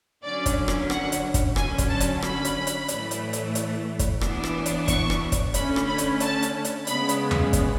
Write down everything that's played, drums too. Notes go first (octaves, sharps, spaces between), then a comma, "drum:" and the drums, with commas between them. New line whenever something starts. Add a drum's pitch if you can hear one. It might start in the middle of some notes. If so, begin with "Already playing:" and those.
D3 F#3 C#4 D5
drum: kick, hi-hat
drum: rim click
F#5, drum: rim click
drum: hi-hat
drum: kick, hi-hat
D3 F#3 C#4 G#5, drum: rim click
drum: kick, hi-hat
A5
drum: hi-hat
B5, drum: rim click
drum: hi-hat
drum: hi-hat
A2 E3 A3, drum: hi-hat
drum: hi-hat
drum: hi-hat
drum: hi-hat
drum: kick, hi-hat
E3 B3 D4, drum: rim click
drum: rim click
drum: hi-hat
C#6, drum: kick, hi-hat
drum: rim click
drum: kick, hi-hat
D3 A3 C#4 B5, drum: hi-hat
drum: rim click
B5
drum: hi-hat
A5, drum: hi-hat
drum: hi-hat
drum: hi-hat
C#3 G#3 B3 B5, drum: hi-hat
drum: hi-hat
drum: tom E2
drum: kick, hi-hat